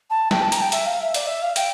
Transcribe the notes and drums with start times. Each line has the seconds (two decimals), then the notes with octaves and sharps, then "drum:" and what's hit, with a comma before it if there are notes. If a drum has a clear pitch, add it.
0.10 A5
0.31 G5, drum: snare
0.42 A5
0.52 A#5, drum: hi-hat
0.61 G5
0.72 E5, drum: hi-hat
0.86 F5
1.00 E5
1.14 D5, drum: hi-hat
1.27 E5
1.42 F5
1.56 G5, drum: hi-hat